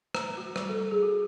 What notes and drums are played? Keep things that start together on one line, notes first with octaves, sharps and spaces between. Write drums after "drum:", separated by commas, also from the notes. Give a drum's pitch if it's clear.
A#5, drum: rim click
F#4
G3, drum: rim click
A4
G#4
F#4